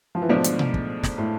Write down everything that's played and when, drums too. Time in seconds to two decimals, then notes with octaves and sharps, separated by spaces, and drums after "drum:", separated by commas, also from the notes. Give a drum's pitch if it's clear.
0.15 F3
0.22 E3
0.29 G#2 B2 D3 F3 A3 D4
0.44 drum: hi-hat
0.59 drum: tom B2
0.74 drum: kick
1.03 drum: snare
1.18 A2